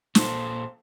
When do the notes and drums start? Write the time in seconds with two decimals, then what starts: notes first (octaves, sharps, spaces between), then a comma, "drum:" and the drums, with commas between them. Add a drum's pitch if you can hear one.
0.15 A#2 A4 C5, drum: snare